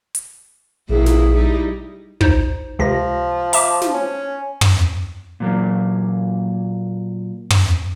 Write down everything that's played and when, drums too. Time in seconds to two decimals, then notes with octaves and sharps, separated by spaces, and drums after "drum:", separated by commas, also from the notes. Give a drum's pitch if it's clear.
0.15 drum: hi-hat
0.89 A#1 B2 A#3 E4 G#4
1.06 drum: snare
1.35 G3 D#4 E4
2.21 D#4 C5, drum: kick
2.79 C#2 C3 F3 A#6
3.53 E5 A5 D6, drum: open hi-hat
3.82 drum: snare
3.94 C#4
4.61 drum: tom
5.40 A#2 F#3 A#3
7.50 drum: tom